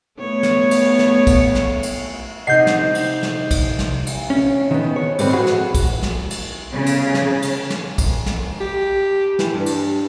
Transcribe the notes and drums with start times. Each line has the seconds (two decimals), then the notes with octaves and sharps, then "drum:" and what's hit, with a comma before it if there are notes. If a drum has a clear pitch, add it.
0.19 A3 B3 C#5
0.43 drum: snare
0.71 drum: cymbal
0.99 drum: snare
1.27 drum: kick, cymbal
1.55 drum: snare
1.83 drum: cymbal
2.47 C3 D#4 D#5 F#5 G6 C7
2.67 drum: snare
2.95 drum: cymbal
3.23 drum: snare
3.51 drum: kick, cymbal
3.79 drum: snare
4.07 drum: cymbal
4.30 C#4
4.71 D#3 B3
4.96 C#5
5.19 G#2 G3 C4 B4, drum: cymbal
5.33 F#4 G#4 B4 F#5
5.47 drum: snare
5.75 drum: kick, cymbal
6.02 drum: snare
6.30 drum: cymbal
6.71 C#3
6.86 drum: cymbal
7.14 drum: snare
7.42 drum: cymbal
7.70 drum: snare
7.98 drum: kick, cymbal
8.26 drum: snare
8.61 G4
9.39 E3, drum: snare
9.54 G2
9.66 drum: cymbal